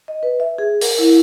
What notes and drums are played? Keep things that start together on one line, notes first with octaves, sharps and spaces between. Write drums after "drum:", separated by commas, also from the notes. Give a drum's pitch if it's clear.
D#5
B4
E5
G#4
A#4, drum: open hi-hat
E4